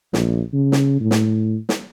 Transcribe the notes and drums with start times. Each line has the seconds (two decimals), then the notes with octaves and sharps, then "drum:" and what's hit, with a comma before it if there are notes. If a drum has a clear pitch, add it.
0.13 A#1, drum: snare
0.53 C#3
0.72 drum: snare
1.01 A2
1.11 drum: snare
1.69 drum: snare